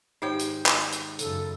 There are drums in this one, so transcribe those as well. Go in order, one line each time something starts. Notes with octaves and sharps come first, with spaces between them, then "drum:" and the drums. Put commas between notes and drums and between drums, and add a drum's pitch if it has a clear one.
G#2 D#3 D#4 G4 C#5 G5
drum: hi-hat
drum: clap
drum: hi-hat
F#2 C#3 A4, drum: hi-hat